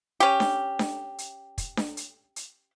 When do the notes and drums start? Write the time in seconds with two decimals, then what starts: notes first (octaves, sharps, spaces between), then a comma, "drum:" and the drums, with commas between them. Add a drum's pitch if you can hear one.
0.20 C#4 G4
0.40 drum: snare D4
0.79 drum: snare D4
1.18 drum: hi-hat
1.58 drum: kick, hi-hat
1.77 drum: snare D4
1.97 drum: hi-hat
2.36 drum: hi-hat